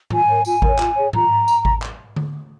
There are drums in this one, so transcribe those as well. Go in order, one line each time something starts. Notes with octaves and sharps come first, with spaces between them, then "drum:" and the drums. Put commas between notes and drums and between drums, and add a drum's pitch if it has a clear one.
F4 G#5, drum: tom G#2
A#4 C#5
F4 G#5, drum: tambourine
A#4 C#5, drum: kick G#1
F4, drum: clap
G#4 C#5
F4 A#5, drum: tom G#2
drum: tambourine
drum: kick G#1
drum: clap
drum: tom D3